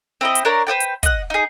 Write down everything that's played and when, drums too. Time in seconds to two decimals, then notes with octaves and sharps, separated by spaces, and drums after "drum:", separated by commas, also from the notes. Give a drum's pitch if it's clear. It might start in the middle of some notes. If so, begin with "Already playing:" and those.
0.21 C4 E4 D#5
0.35 drum: hi-hat
0.45 D4 A#4 C#5
0.67 B4 C5 D5 G5
0.80 drum: hi-hat
1.03 D#5 F#5, drum: kick, hi-hat
1.30 D#4 G#4